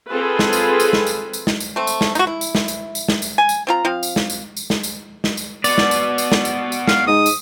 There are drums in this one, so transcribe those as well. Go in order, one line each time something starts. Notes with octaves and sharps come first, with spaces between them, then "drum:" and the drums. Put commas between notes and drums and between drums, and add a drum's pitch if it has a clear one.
C4 F4 G#4 A4 B4
drum: snare
drum: tambourine
drum: tambourine
drum: snare
drum: tambourine
drum: tambourine
drum: snare
drum: tambourine
A3 C4
drum: tambourine
drum: snare
D#4 F#4, drum: tambourine
E4
drum: tambourine
drum: snare
drum: tambourine
drum: tambourine
drum: snare
drum: tambourine
G#5
drum: tambourine
C4 F4 A#5
F3 C4 F5
drum: tambourine
drum: snare
drum: tambourine
drum: tambourine
drum: snare
drum: tambourine
drum: snare
drum: tambourine
B3 F#4 D5, drum: tambourine
drum: snare
drum: tambourine
drum: tambourine
drum: snare
drum: tambourine
drum: tambourine
F5, drum: snare
G#2 D#6
drum: tambourine